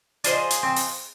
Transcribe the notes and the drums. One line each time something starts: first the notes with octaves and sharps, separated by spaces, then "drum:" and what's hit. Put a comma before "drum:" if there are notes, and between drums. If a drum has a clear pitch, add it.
D4 F4 G#4 C5 D#5, drum: hi-hat
drum: hi-hat
C4
drum: open hi-hat